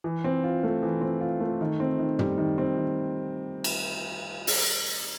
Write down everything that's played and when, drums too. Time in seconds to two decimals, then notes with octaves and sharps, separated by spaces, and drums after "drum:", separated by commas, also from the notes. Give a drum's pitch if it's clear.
0.04 E3
0.24 C4
0.44 F4
0.63 A3
0.83 E3
1.01 C4
1.21 F4
1.40 A3
1.61 D#3
1.80 C4
1.99 D#3
2.19 G3, drum: tom
2.38 D#3
2.58 C4
2.77 D#3
3.64 drum: cymbal
4.47 drum: open hi-hat